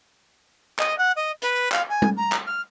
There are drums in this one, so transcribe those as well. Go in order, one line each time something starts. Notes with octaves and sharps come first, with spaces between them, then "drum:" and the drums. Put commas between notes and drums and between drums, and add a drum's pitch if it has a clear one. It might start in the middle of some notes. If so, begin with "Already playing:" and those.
D#5, drum: clap
F#5
D#5
B4, drum: hi-hat
F5, drum: clap
G#5
drum: tom G3
A#5
drum: clap
F6